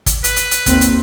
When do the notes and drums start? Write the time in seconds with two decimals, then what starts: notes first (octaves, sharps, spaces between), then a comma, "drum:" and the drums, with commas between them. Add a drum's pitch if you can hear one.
0.06 drum: kick, hi-hat
0.24 B4, drum: hi-hat
0.36 drum: hi-hat
0.51 drum: hi-hat
0.66 D#2 C4, drum: kick, hi-hat
0.81 drum: hi-hat